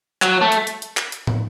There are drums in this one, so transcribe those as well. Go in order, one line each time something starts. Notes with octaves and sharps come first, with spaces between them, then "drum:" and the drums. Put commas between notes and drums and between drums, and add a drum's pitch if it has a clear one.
F#3, drum: clap
A3
drum: hi-hat
drum: hi-hat
drum: hi-hat
drum: clap
drum: hi-hat
drum: tom